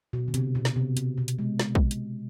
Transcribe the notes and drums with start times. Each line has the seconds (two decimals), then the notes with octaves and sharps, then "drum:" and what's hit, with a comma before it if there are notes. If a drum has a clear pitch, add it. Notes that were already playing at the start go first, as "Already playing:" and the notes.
0.13 B2
0.28 D3
0.34 C3, drum: hi-hat
0.55 B2
0.65 drum: snare
0.76 C3
0.97 C3, drum: hi-hat
1.18 B2
1.28 drum: hi-hat
1.39 G#3
1.59 drum: snare
1.75 drum: kick
1.91 drum: hi-hat